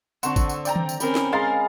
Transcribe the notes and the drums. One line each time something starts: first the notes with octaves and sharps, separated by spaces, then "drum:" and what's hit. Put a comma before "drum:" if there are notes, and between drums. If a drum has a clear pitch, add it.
D3 C4 F#5 A5 C#6, drum: tambourine
drum: kick, tambourine
drum: tambourine
D5 G5 A#5, drum: tambourine
drum: tom D#3
drum: tambourine
C4 C#4 A#4 G#5 B5, drum: tambourine
drum: snare
G#3 G#4 D#5 F5 A#5 C6 A6